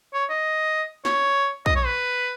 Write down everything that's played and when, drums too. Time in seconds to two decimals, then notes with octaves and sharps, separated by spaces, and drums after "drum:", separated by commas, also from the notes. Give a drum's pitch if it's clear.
0.14 C#5
0.29 D#5
1.05 C#5, drum: snare
1.66 D#5, drum: kick
1.76 C#5
1.86 B4